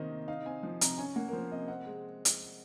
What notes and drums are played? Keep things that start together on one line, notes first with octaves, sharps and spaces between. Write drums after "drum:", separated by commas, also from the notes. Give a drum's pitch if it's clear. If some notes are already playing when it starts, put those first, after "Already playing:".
Already playing: C3 D#3 A#3 C5 D#5
C3
D#4 F5
C4 G#5
F3
C3 A#5, drum: hi-hat
C#4 G#5
A#3 F#5
A#4
F3 C5
C3 D#5
C4 F#5
G#3
drum: hi-hat